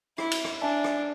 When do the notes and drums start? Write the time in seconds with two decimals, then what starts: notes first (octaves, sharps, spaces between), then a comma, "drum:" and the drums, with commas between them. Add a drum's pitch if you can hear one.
0.18 E4, drum: rim click
0.31 drum: cymbal
0.45 drum: rim click
0.62 D4 E5 G#5 A5
0.84 drum: rim click